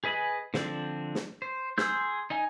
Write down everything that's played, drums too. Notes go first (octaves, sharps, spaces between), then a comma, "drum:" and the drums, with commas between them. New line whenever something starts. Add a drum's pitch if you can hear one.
G#4 B4 D#5 G#5 B5
D3 F3 C4 D4, drum: snare
drum: snare
C5
G#4 C6 E6 G6, drum: snare
D#4 D#5 G#5